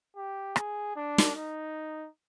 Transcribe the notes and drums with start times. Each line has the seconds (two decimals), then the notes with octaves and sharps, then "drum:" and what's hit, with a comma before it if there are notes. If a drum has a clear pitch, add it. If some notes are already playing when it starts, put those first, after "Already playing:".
0.17 G4
0.56 G#4, drum: rim click
0.96 D4
1.18 drum: snare
1.36 D#4